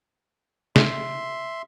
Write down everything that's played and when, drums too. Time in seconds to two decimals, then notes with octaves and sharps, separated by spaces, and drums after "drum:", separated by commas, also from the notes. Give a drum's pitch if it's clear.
0.76 E5 C6, drum: snare